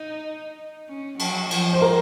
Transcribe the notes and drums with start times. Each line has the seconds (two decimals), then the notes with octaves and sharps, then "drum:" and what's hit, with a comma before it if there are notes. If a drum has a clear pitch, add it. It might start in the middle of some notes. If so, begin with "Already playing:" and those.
Already playing: D#4
0.88 C#4
1.19 F#3, drum: cymbal
1.51 F3, drum: cymbal
1.73 C5
1.82 A#4